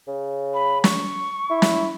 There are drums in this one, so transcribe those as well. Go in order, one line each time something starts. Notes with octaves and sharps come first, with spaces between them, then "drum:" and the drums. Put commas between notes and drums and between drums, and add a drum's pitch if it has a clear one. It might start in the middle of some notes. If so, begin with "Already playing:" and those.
C#3
B5
C#6, drum: snare
E4
drum: snare